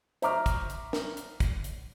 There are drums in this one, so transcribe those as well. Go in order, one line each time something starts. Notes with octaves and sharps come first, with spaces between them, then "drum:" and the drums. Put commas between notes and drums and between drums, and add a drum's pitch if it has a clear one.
C5 E5 A#5 C#6 D6 F6, drum: hi-hat
drum: kick, hi-hat
drum: hi-hat
drum: snare
drum: hi-hat
drum: kick, hi-hat
drum: hi-hat